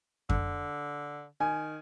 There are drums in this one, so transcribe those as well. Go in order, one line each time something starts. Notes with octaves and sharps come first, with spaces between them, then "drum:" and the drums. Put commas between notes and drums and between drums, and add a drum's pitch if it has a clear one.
D3, drum: kick F2
D#3 G#5